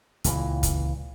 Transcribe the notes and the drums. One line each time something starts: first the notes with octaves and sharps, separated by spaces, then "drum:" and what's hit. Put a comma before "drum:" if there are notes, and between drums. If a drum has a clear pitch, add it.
C#2 A#2 E3, drum: hi-hat
drum: kick, hi-hat